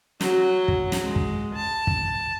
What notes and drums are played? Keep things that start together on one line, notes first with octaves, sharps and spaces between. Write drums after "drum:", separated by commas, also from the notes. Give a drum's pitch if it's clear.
F#3, drum: snare
drum: kick
drum: snare
G#3
drum: kick
A5
drum: kick